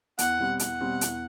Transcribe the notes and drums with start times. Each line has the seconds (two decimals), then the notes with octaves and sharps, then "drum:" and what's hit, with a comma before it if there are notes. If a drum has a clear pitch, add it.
0.19 E2 F#5, drum: hi-hat
0.39 B2 G3 C4
0.59 E2 F#5, drum: hi-hat
0.81 B2 G3 C4
1.01 E2, drum: hi-hat